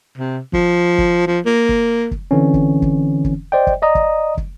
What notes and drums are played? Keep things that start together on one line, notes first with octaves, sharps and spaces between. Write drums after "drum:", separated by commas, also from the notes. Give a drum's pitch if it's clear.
C3
F3, drum: kick
drum: kick
F3
A#3
drum: kick
drum: kick
D3 E3 C4 C#4
drum: kick
drum: kick
drum: kick
C5 D5 D#5 G5
drum: kick
D5 D#5 A#5 D#6
drum: kick
drum: kick